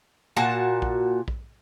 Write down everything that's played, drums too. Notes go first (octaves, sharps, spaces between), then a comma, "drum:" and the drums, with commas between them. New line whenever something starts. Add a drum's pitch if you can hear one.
A#2 F#4 A5
drum: kick A#1
drum: kick A#1